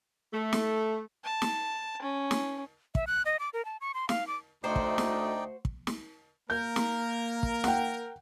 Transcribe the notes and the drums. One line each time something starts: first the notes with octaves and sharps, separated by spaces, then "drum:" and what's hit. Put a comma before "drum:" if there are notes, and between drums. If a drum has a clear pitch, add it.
A3
drum: snare
A5
drum: snare
C#4
drum: snare
E5, drum: kick
F#6
D#5
D6
A#4
A5
C#6
C6
F5, drum: snare
D6
D2 A3 D#4 F#4 C5 D5 D#5 G5
drum: kick
drum: snare
drum: kick
drum: snare
A#3 A#4 G6
drum: snare
drum: kick
F#5 G5, drum: snare